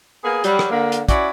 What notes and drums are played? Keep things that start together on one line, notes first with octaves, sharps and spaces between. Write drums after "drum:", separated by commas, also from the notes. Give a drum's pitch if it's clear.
A#3 B3 G#4
F#3 G3, drum: hi-hat
drum: rim click
D3 A#3
drum: hi-hat
C#4 E4 F#4 D5, drum: kick, hi-hat